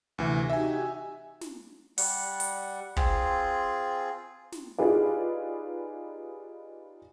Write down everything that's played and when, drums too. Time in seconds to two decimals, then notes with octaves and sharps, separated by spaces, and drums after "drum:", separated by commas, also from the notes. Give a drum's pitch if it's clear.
0.18 D2 C3 E3 A#6
0.49 D#4 F#4 G4 E5 G#5
1.41 drum: snare
1.98 G3 F#5, drum: open hi-hat
2.40 drum: hi-hat
2.96 C4 F4 G#4, drum: kick
4.52 drum: snare
4.78 D#4 F4 G4 G#4 B4 D5